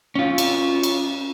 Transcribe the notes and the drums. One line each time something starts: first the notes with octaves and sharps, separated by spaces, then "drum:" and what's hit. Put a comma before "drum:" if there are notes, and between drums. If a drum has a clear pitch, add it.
C#4 F4
drum: cymbal
drum: cymbal